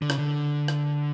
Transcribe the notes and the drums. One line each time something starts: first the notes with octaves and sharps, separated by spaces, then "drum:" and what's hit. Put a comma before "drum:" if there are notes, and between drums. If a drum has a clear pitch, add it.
D3
C#3, drum: rim click
D3
drum: rim click